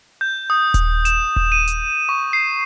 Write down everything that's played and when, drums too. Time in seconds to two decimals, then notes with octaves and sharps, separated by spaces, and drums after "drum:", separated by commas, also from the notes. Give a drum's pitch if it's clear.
0.21 G6
0.50 D#6
0.74 drum: kick D#1, hi-hat
1.05 E7, drum: hi-hat
1.36 drum: kick D#1
1.52 D#7
1.67 drum: hi-hat
2.09 C#6
2.33 C7